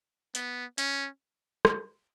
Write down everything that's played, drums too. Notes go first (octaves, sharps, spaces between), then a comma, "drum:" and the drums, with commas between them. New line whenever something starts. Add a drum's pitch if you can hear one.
B3, drum: hi-hat
C#4, drum: hi-hat
drum: rim click